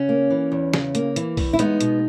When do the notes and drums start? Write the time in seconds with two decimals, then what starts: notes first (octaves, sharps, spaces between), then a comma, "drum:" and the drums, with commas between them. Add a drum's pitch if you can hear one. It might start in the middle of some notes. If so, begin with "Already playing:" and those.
Already playing: C#3 C#4
0.09 A#3
0.30 E3
0.52 E2
0.73 C#3, drum: snare
0.95 A#3, drum: hi-hat
1.16 E3, drum: hi-hat
1.37 E2, drum: kick B1, open hi-hat
1.53 E4
1.59 G#3 B3 D#4, drum: hi-hat
1.81 B2, drum: hi-hat